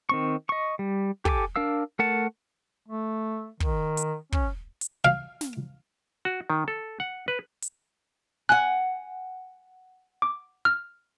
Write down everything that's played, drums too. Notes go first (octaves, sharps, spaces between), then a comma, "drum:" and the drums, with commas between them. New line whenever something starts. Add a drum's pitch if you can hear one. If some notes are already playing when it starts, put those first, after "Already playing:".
D#3 C4 C#6
D#5 C#6
G3
G4 A4 G#5 B5 D6, drum: kick
D4 A#4 F5 E6
A3 A#4 F#5 A5
A3
D#3, drum: kick
drum: hi-hat
C#4, drum: kick
drum: hi-hat
F5
drum: snare
F#4
D#3
A4
F#5
B4
drum: hi-hat
F#5 G#5 F#6
D6
F6